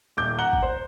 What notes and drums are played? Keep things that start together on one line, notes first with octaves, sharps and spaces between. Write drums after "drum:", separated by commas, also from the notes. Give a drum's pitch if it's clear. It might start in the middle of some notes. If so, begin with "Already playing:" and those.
D#1 D6 G6
F#5 A#5 F#6 G7
drum: kick
C5